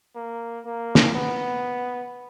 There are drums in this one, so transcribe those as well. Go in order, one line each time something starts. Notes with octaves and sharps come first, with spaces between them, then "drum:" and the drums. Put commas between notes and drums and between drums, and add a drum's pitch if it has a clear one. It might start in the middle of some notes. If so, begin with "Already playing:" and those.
A#3
A#3
drum: snare
B3